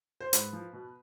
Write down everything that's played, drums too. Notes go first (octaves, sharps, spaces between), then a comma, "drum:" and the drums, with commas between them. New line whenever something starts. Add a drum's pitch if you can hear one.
C5
G#2 B4, drum: hi-hat
F3
B2